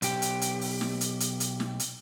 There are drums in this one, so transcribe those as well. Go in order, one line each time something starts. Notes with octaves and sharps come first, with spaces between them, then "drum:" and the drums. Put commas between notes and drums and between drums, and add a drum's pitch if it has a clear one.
B1 G4, drum: hi-hat
drum: hi-hat
drum: hi-hat
drum: open hi-hat
drum: snare
drum: hi-hat
drum: hi-hat
drum: hi-hat
drum: snare
drum: hi-hat